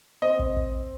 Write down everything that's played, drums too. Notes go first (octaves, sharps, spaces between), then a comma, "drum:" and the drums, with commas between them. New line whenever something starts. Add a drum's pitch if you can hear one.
C4 D#5
drum: kick
drum: kick